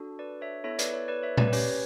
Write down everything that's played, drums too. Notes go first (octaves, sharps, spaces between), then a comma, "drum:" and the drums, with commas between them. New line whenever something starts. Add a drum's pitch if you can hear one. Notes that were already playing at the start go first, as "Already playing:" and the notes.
Already playing: D4 F#4 A4
B4 D5
C#5 E5
B3 E4 A4 C#5 E5
B4 D5, drum: hi-hat
C#5
B4 D5
C#5 E5
B4 D5, drum: tom A#2
B4
C#4 G4 C#5, drum: open hi-hat